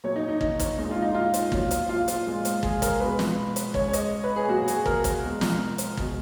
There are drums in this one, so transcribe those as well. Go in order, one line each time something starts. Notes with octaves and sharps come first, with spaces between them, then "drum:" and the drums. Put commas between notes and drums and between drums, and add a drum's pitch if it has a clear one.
A#2 F#3 C#5
D#4
D#4
D#4, drum: kick
drum: kick, hi-hat
A#2 G#3 D#4
F4
D#4
F4
drum: hi-hat
A#2 F#3, drum: kick
drum: hi-hat
F4
drum: hi-hat
A#2 G#3
drum: hi-hat
G#4, drum: kick
A#4, drum: kick, hi-hat
B2 G#3 B4
drum: snare
drum: hi-hat
C#3 G#3 C#5, drum: kick
C#5
D#5, drum: hi-hat
B4
G#4
A#2 F#3 F#4
G#4, drum: hi-hat
A#4, drum: kick
drum: kick, hi-hat
B2 G#3
drum: snare
drum: hi-hat
B2 G#3, drum: kick